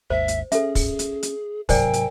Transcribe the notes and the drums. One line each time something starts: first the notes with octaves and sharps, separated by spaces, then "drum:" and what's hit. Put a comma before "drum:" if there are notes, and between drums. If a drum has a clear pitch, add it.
G#1 D#2 G#2 C5 E5
drum: hi-hat
C#4 G#4 A4 E5, drum: hi-hat
drum: kick, open hi-hat
drum: hi-hat
drum: hi-hat
G#2 C3 F#3 A#4 C5 D5 G5 G#5, drum: kick, open hi-hat
drum: hi-hat